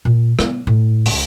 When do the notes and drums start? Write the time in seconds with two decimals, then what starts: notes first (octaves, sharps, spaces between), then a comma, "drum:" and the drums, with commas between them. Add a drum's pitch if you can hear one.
0.05 A#2
0.39 B3, drum: rim click
0.67 A2
1.06 C#2, drum: open hi-hat